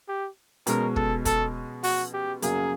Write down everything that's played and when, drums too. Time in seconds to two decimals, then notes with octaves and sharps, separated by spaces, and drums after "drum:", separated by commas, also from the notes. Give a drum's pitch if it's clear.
0.08 G4
0.67 B2 G#3 C#4 A#4, drum: hi-hat
0.96 A4, drum: kick
1.25 A4, drum: kick, hi-hat
1.83 F#4, drum: open hi-hat
2.13 G4
2.42 F#2 C#3 F#3 A#3 G#4, drum: hi-hat